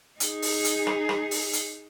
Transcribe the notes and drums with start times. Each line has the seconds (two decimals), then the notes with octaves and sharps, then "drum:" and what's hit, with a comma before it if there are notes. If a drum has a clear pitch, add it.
0.20 D#4 G#4, drum: hi-hat
0.42 drum: open hi-hat
0.65 drum: hi-hat
0.87 drum: rim click
1.09 drum: rim click
1.31 drum: open hi-hat
1.53 drum: hi-hat